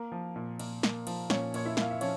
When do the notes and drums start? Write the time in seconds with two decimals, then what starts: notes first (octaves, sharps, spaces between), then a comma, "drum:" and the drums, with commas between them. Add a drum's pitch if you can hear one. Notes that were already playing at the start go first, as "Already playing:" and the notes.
Already playing: A#3 A#4
0.12 F3
0.36 A#2
0.59 A#2, drum: cymbal
0.83 A#3, drum: snare
1.07 F3, drum: cymbal
1.30 A#2 C#4 C#5, drum: snare
1.54 A#2 C#5, drum: cymbal
1.66 E4 E5
1.77 A#3 F5, drum: snare
1.91 E5
2.01 F3 C#4 C#5, drum: cymbal